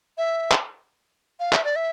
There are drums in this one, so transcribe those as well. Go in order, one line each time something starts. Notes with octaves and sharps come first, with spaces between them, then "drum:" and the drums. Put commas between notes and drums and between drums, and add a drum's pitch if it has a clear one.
E5
drum: clap
F5
E5, drum: clap
D5
E5